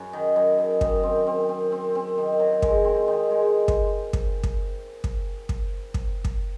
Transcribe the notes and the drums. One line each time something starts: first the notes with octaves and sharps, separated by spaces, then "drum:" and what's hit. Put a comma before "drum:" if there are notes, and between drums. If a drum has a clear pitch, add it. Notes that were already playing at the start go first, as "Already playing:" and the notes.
Already playing: F#2
D#3
F#2
D#3
D#3, drum: kick
C4
C4
C4
C4
C4
D#3
F#3
G#3, drum: kick
C4
D#3
G#3
drum: kick
drum: kick
drum: kick
drum: kick
drum: kick
drum: kick
drum: kick